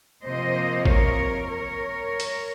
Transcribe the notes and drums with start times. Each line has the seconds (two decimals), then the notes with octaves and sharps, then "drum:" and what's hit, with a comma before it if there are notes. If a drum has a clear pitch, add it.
0.23 C3 F3 A#3 C5 D#5
0.85 A#4 C#5, drum: kick A1
1.49 A#4 C#5
2.20 drum: hi-hat